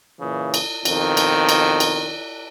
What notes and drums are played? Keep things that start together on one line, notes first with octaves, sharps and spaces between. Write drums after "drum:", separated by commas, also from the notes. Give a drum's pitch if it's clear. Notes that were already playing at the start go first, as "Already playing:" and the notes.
A#2 C#3 E3
drum: cymbal
F2 B2 D#3, drum: cymbal
drum: cymbal
drum: cymbal
drum: cymbal